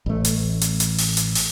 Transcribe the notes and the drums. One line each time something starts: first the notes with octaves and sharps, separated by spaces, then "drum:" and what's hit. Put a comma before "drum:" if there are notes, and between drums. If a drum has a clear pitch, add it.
A1 A3
drum: hi-hat
drum: hi-hat
drum: hi-hat
drum: open hi-hat
drum: hi-hat
drum: open hi-hat